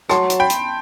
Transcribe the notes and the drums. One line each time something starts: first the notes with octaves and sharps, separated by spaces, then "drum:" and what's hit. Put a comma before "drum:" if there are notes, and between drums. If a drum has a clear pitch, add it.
F#3 A5 C6, drum: rim click
drum: hi-hat
G5 B5
drum: hi-hat